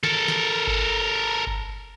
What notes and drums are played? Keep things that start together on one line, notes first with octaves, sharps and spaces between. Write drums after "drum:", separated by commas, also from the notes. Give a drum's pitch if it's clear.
A4 A#4, drum: snare
drum: snare
drum: kick G1
drum: kick G1